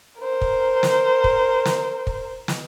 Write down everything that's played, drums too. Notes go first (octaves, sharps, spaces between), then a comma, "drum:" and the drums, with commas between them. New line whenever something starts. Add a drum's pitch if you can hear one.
A#4 C5
drum: kick
drum: snare
drum: kick
drum: snare
drum: kick
drum: snare